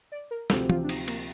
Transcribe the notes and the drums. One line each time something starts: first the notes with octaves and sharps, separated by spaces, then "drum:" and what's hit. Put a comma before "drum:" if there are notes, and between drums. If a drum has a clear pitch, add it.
D5
A#4
D2 C3 F3 C4 G4 A4, drum: snare
F4, drum: tom
D4
D#4, drum: cymbal
A#3, drum: cymbal